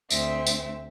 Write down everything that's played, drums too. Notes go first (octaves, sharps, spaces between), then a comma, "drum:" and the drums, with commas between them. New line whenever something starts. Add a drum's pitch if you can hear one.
D2 C4 E5, drum: tambourine
drum: tambourine